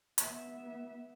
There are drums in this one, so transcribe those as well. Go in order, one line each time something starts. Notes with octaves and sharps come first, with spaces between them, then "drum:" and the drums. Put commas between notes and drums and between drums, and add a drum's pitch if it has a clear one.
B3 E5, drum: hi-hat